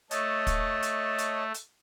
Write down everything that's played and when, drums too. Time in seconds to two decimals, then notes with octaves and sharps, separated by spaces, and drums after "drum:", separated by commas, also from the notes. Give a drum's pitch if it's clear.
0.11 A3 C#5 D#5 A5, drum: hi-hat
0.47 drum: kick, hi-hat
0.83 drum: hi-hat
1.18 drum: hi-hat
1.54 drum: hi-hat